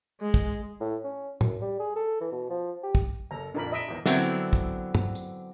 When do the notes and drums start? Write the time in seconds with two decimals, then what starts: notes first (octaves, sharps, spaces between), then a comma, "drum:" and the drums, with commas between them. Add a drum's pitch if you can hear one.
0.21 G#3
0.34 drum: kick
0.80 A2
1.04 C#4
1.41 F#2, drum: tom
1.61 G3
1.80 G#4
1.96 A4
2.21 E3
2.32 B2
2.50 F3
2.83 G4
2.95 drum: kick
3.31 F#1 A4 A#5
3.55 A#1 F2 D4 A#4 B5
3.72 D#5 E5 B5 D#6 D7
3.88 G#1 E2
4.06 D3 F#3 B3 C4 E4, drum: snare
4.53 drum: kick
4.95 drum: tom
5.15 drum: tambourine